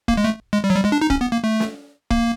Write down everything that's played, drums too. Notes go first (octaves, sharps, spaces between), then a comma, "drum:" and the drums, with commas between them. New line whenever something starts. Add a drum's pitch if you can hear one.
A#3, drum: kick
G#3
A3
G#3
G3
F#3
G3
G#3
D4
D#4
C#4, drum: kick
B3
A#3
A3
drum: snare
A#3, drum: kick